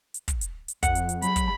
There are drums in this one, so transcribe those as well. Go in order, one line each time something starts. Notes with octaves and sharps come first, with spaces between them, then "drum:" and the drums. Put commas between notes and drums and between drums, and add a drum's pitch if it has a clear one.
drum: hi-hat
drum: kick, hi-hat
drum: hi-hat
drum: hi-hat
F2 F#5, drum: kick, hi-hat
drum: hi-hat
drum: hi-hat
F#3 B5, drum: hi-hat
drum: kick, hi-hat